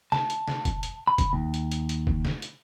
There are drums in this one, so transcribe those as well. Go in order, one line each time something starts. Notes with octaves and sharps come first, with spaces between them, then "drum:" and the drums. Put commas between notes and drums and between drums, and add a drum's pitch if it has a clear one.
A5, drum: snare
drum: hi-hat
drum: snare
drum: kick, hi-hat
drum: hi-hat
B5
drum: kick, hi-hat
D#2
drum: hi-hat
drum: hi-hat
drum: hi-hat
drum: kick
drum: snare
drum: hi-hat